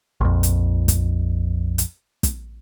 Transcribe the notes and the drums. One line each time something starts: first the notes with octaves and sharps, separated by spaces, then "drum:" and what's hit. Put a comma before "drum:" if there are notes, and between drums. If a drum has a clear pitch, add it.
A#1 F2
drum: hi-hat
drum: kick, hi-hat
drum: hi-hat
drum: kick, hi-hat